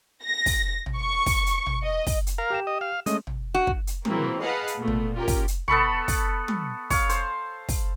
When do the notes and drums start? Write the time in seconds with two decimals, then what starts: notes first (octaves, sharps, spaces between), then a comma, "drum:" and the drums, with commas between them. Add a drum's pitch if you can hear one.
0.23 A#6
0.46 drum: kick, open hi-hat
0.86 drum: tom
0.97 C#6
1.26 drum: kick, open hi-hat
1.46 drum: hi-hat
1.66 drum: tom
1.84 D#5
2.07 drum: kick, open hi-hat
2.27 drum: hi-hat
2.38 A#4 F5
2.50 G4 G5 E7
2.67 D#5
2.81 F5
3.06 G#3 A3 C#4 D#5, drum: hi-hat
3.27 drum: tom
3.54 F#4
3.67 drum: kick
3.87 drum: hi-hat
4.05 A#2 C#3 E3 F#3 A#3 C4, drum: tom
4.42 G#4 B4 D#5 F5 F#5 A5
4.67 drum: hi-hat
4.77 A#2 A3 B3
4.88 drum: tom
5.15 C#4 F4 G4 A#4
5.28 drum: kick, open hi-hat
5.48 drum: hi-hat
5.68 B3 A4 B5 C#6, drum: tom
6.08 drum: kick, open hi-hat
6.48 drum: tom
6.90 C#5 F5, drum: kick, open hi-hat
7.09 C5, drum: hi-hat
7.69 drum: kick, open hi-hat